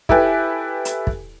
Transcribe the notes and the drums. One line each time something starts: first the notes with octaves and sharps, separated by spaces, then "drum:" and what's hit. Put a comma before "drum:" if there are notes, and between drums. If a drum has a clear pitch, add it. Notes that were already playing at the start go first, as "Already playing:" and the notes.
E4 G4 A4 B4 G5 G#5, drum: kick
drum: hi-hat
drum: kick